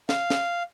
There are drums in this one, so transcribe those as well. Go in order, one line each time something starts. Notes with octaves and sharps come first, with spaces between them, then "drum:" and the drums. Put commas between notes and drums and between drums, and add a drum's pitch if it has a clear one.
F5, drum: snare
drum: snare